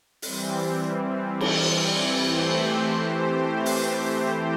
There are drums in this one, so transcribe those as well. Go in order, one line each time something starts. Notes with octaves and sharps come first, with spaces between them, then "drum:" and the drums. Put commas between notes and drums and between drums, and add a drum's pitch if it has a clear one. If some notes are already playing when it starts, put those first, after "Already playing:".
E3 G3 C4, drum: open hi-hat
drum: cymbal
E3 A3 C4 G4 C5
drum: open hi-hat